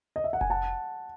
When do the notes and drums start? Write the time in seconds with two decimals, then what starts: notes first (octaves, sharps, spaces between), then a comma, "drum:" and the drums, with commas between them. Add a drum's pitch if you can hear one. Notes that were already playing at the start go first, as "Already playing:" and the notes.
0.16 D#5
0.24 E5
0.33 F#5
0.41 G#5, drum: kick F1
0.50 F#5 A5